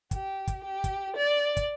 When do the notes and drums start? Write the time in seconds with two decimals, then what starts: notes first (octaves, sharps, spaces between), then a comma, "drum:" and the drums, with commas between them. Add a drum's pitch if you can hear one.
0.11 G4, drum: kick, hi-hat
0.48 drum: kick, hi-hat
0.63 G4
0.84 drum: kick, hi-hat
1.16 D5
1.57 drum: kick, hi-hat